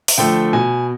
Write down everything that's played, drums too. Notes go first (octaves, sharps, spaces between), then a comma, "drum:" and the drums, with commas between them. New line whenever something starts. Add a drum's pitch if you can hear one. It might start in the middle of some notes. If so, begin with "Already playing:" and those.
drum: open hi-hat
D3 F3 A3 G5
B2 G#5